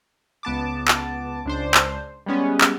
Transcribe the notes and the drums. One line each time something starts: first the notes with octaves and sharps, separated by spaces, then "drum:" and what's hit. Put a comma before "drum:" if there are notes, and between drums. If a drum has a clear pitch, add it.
C#2 B3 A5 D6
drum: clap
C#2 D4 C5
drum: clap
G3 G#3 B3 C#4
drum: clap